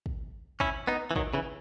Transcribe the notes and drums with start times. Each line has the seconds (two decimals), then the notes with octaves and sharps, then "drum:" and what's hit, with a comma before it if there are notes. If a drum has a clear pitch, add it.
0.06 drum: kick
0.60 C#4 E4, drum: kick
0.87 B3 D#4
1.11 E3
1.16 D#3 F#3, drum: kick
1.34 C#3 E3